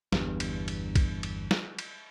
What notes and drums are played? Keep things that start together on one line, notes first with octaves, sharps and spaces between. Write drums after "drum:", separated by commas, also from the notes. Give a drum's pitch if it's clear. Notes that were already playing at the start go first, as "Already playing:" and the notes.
G1 E2 G2, drum: snare
drum: cymbal
drum: cymbal
drum: kick A#1, cymbal
drum: cymbal
drum: snare
drum: cymbal